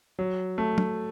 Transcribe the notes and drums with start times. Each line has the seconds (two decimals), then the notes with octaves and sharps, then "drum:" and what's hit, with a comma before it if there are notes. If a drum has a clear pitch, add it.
0.19 F#3
0.58 A3
0.78 drum: tom